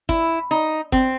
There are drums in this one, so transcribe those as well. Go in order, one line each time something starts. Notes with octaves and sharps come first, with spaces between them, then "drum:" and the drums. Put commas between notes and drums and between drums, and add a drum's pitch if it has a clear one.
E4, drum: kick
D#4
C4, drum: kick